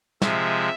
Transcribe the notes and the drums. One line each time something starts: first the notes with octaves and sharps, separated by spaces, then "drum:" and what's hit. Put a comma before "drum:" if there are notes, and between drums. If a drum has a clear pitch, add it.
C3 F3 G#3 E5, drum: snare